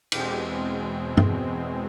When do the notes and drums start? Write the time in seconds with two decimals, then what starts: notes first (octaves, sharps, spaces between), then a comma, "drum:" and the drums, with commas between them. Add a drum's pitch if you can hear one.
0.12 E2 B2 G#3 C4 G4, drum: cymbal
1.17 drum: tom